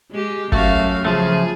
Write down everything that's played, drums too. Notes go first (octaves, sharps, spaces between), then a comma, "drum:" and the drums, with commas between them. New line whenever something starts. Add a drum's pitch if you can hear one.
G#3 G4
F#2 A3 F#4 F5, drum: kick G1
C#3 F3 A3 G#4